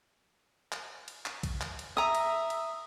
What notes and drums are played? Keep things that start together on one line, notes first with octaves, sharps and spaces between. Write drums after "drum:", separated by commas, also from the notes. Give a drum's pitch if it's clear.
drum: clap
drum: cymbal
drum: clap
drum: kick B1, cymbal
drum: clap
drum: cymbal
E5 A#5 D#6
drum: cymbal
drum: cymbal